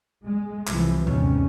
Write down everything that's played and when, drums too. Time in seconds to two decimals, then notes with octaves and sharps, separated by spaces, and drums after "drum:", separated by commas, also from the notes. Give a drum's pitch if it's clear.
0.25 G#3
0.67 C2 E3 F3, drum: clap
1.07 G1 D#2 C3 G3 G#3 C#4, drum: tom A2